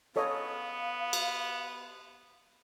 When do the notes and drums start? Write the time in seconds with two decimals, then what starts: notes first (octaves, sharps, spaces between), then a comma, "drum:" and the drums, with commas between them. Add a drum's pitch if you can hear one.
0.16 B3 A4 C#5 D#5 F5
1.13 drum: cymbal